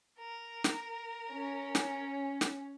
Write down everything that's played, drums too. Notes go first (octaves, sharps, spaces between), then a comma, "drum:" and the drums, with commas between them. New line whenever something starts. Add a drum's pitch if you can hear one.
A#4
drum: snare
C#4
drum: snare
drum: snare